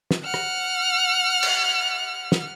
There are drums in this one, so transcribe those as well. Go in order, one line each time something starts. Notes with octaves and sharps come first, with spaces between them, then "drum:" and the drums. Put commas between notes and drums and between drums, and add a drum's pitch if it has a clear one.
drum: snare
F#5 F6
drum: rim click
drum: cymbal
drum: snare